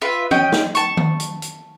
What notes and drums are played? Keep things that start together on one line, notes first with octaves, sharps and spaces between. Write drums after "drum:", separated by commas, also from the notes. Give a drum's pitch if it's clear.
F4 B4 E5
C#4 D#5 G5, drum: tom
drum: snare
A5 C#6, drum: hi-hat
drum: tom D#3
drum: hi-hat
drum: hi-hat